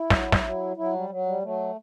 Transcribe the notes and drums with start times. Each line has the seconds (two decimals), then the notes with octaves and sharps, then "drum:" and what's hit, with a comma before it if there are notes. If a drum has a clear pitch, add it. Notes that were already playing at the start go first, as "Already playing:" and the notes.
Already playing: E4
0.10 F#3, drum: snare
0.32 drum: snare
0.44 F#3
0.76 F#3 E4
0.93 G3
1.09 F#3
1.26 G3
1.42 F#3 A3